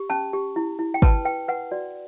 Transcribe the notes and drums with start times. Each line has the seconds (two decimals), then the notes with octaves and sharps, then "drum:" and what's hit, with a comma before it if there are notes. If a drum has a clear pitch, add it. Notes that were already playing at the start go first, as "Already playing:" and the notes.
Already playing: G4
0.10 C#4 A5
0.33 G4
0.56 E4
0.79 E4
0.94 G5
1.02 B4 A5, drum: kick
1.25 B4 G5
1.48 B4 F#5
1.72 F#4 D5